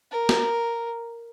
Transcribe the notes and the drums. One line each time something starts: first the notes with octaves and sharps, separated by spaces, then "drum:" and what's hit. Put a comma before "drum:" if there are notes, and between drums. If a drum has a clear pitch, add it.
A#4
drum: snare